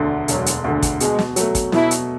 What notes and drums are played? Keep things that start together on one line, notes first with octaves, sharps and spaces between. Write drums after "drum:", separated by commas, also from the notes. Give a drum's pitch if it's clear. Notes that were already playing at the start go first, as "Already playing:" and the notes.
Already playing: E1 D2 D3
E1 F#3, drum: hi-hat
drum: hi-hat
D2 D3
drum: kick, hi-hat
B2 G#3, drum: hi-hat
drum: snare
F#3 A3, drum: hi-hat
drum: kick, hi-hat
B2 E4, drum: snare
drum: hi-hat